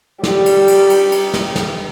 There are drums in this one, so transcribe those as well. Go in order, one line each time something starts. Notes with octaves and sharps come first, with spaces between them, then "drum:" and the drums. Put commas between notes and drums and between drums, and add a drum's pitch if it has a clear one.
G3, drum: snare
drum: cymbal
drum: cymbal
drum: cymbal
drum: cymbal
drum: snare
drum: snare